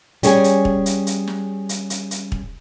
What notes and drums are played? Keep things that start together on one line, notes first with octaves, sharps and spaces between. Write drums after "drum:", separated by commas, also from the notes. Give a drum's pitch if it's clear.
G3 C#4 G#4 C#5 G#5, drum: hi-hat
drum: hi-hat
drum: kick
drum: hi-hat
drum: hi-hat
drum: snare
drum: hi-hat
drum: hi-hat
drum: hi-hat
drum: kick